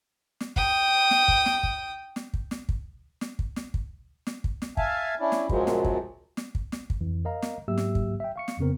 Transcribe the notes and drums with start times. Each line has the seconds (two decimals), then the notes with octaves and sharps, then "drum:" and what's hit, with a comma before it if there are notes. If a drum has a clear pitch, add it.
0.40 drum: snare
0.56 G5 D#6, drum: kick
1.11 drum: snare
1.28 drum: kick
1.46 drum: snare
1.63 drum: kick
2.16 drum: snare
2.34 drum: kick
2.51 drum: snare
2.69 drum: kick
3.21 drum: snare
3.39 drum: kick
3.56 drum: snare
3.74 drum: kick
4.27 drum: snare
4.44 drum: kick
4.62 drum: snare
4.77 E5 F5 G#5 A5, drum: kick
5.20 C#4 D4 E4
5.32 drum: snare
5.49 F#2 A#2 F3 F#3 G#3, drum: kick
5.67 drum: snare
5.84 drum: kick
6.37 drum: snare
6.55 drum: kick
6.72 drum: snare
6.90 drum: kick
7.01 F2 E3
7.25 A#4 D#5 F5 A#5
7.42 drum: snare
7.68 G#2 F#3 A#3 G4 E5 E6
7.78 drum: snare
7.95 drum: kick
8.20 E5 G5
8.36 F5 C#6 C#7
8.48 drum: snare
8.59 F2 C#3 B3 C4 A#4